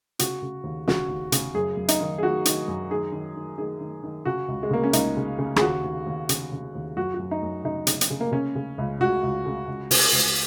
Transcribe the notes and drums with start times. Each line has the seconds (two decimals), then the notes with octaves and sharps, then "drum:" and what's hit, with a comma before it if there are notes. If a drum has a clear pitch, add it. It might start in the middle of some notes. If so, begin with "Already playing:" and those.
0.19 C#3 F#4, drum: hi-hat
0.42 C#3
0.64 D#2
0.88 C#3 F#4, drum: snare
1.09 D#2
1.32 C#3, drum: hi-hat
1.55 F#2 G#4
1.77 F#2
1.88 D#4, drum: hi-hat
2.01 D#3
2.18 G#4
2.23 D#3 F#4
2.45 D#3, drum: hi-hat
2.68 F#2
2.90 D#3 G#4
3.12 D#3
3.36 D#3
3.58 D#3 G#4
3.80 D#3
4.03 D#3
4.25 C#3 F#4
4.48 C#2
4.63 G#3
4.71 C#3 A#3
4.84 C#4
4.93 C#2 D#4, drum: hi-hat
5.17 C#3
5.39 C#3
5.56 G#4, drum: rim click
5.61 D#2 F#4
5.84 D#2
6.07 D#2
6.29 C#3, drum: hi-hat
6.52 C#3
6.75 D#2
6.97 F#2 F#4
7.14 F#4
7.19 F#2
7.31 D#4
7.43 F#2
7.64 C#3 D#4
7.87 C#3, drum: hi-hat
8.01 drum: hi-hat
8.10 C#3
8.21 A#3
8.32 C#3 C#4
8.56 C#3
8.78 C#2
9.00 C#2 F#4
9.23 C#2
9.46 C#3
9.67 C#2
9.91 C#3, drum: open hi-hat
10.13 C#2